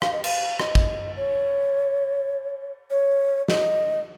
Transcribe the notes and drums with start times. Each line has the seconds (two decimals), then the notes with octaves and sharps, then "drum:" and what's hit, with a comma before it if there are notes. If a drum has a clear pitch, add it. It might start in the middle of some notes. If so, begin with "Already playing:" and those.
0.02 F5, drum: rim click
0.13 D#5
0.24 F5, drum: cymbal
0.60 D#5, drum: rim click
0.75 drum: kick
1.17 C#5
2.90 C#5
3.48 D#5, drum: snare